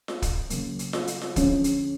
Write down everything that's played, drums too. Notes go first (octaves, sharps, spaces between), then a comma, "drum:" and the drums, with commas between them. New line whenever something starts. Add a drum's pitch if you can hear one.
drum: snare F4
drum: kick, hi-hat
C#3 F#3 A#3, drum: hi-hat
drum: hi-hat
drum: snare F4
drum: hi-hat
drum: snare F4
D3 F3 G#3 C#4, drum: kick, hi-hat
drum: hi-hat